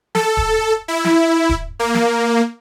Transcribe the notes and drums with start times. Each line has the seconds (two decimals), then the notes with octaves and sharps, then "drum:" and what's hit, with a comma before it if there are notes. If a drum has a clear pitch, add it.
0.15 A4, drum: snare
0.37 drum: kick D1
0.88 E4
1.05 drum: snare
1.49 drum: kick D1
1.79 A#3
1.94 drum: snare